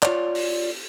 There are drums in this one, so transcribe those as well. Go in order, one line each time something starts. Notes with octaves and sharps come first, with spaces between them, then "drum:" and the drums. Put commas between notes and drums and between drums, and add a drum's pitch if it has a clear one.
F4 C#5 D5, drum: clap
drum: open hi-hat